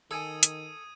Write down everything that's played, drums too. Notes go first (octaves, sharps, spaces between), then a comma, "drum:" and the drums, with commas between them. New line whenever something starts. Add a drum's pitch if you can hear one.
D#3 A4 G5 G#5 D#6 G#6 D#7
drum: hi-hat